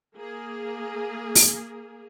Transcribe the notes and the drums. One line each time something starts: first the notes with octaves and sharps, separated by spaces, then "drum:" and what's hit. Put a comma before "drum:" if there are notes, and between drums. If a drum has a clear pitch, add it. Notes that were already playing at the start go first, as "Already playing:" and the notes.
A#3 G#4
drum: open hi-hat